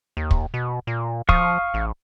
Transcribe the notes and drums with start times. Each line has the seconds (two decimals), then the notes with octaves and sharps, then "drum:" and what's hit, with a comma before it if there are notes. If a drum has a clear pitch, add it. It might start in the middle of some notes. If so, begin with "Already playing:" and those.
0.17 D#2
0.31 drum: kick
0.54 B2
0.87 A#2
1.29 F3 F5 C#6 D#6, drum: kick
1.74 A1